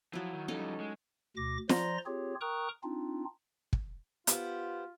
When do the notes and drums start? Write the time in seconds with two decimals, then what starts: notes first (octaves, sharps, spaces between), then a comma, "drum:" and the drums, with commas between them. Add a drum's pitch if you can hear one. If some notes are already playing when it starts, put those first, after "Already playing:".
0.13 F3 F#3 E4
0.34 D#3
0.48 F3 G3 C#4 D#4 A4
0.80 G#3
1.37 D2 B2 D6 A#6
1.69 F3 C5 D5 A#5 C6 A#6, drum: snare
2.06 C4 F4 G4 G#4 C#5
2.41 A#4 G5 A#5 C#6 D#6 F#6
2.83 C4 D4 D#4 F4
3.73 drum: kick
4.27 B3 F4 G4 C5, drum: hi-hat